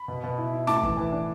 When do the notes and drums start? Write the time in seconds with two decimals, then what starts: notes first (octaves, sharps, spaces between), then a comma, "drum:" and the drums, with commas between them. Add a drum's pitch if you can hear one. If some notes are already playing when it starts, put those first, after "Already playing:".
Already playing: B5
0.08 B2
0.23 B2
0.38 E4
0.53 E4
0.67 A2 A5 D6, drum: snare
0.83 E3, drum: kick
0.97 E3
1.12 D4